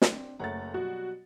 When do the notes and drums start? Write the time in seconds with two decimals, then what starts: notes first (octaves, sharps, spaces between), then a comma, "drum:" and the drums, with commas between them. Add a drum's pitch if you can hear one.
0.02 C4 D4, drum: snare
0.39 F#1 A3 C#5 F#5 A#5 A6
0.74 B2 F#3 G3 F#4